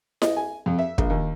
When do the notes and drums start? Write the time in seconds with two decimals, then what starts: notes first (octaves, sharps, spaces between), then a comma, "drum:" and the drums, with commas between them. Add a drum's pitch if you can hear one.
0.22 D#5, drum: snare E4
0.37 G#5
0.66 F2
0.79 E5
0.98 A#1, drum: kick
1.10 D#2